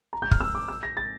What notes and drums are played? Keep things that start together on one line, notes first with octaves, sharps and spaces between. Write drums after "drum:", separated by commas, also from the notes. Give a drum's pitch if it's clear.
A#5
G6
F6, drum: kick
E6
D6
E6
A#6
A6